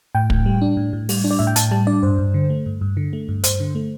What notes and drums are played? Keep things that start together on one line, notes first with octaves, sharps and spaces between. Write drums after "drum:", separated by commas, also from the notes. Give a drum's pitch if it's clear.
A2 G5
A2, drum: kick
G3
D4
A2
A2
G3, drum: open hi-hat
D4
D5
A2 E5
G5
A2 A5, drum: hi-hat
G3 A5
D4 D5
G2 C5
G2
D3
A3
G2
G2
D3
A3
G2
G2 C5, drum: hi-hat
D3
A3